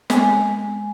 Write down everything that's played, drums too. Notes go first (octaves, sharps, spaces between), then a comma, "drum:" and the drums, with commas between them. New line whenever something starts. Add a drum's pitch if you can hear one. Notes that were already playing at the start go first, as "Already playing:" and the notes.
G#3 G5 G#5, drum: snare